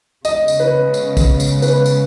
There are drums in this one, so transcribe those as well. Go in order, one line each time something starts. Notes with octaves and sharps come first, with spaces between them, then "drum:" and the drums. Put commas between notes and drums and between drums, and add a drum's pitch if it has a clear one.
C#3 G#3 B3 D#5, drum: tambourine
drum: tambourine
B4
drum: tambourine
drum: kick, tambourine
drum: tambourine
B4, drum: tambourine
drum: tambourine